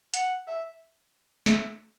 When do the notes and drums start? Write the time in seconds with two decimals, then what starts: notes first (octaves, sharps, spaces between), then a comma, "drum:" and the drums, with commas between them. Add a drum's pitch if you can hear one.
0.14 F#5, drum: hi-hat
0.47 E5
1.46 E5, drum: snare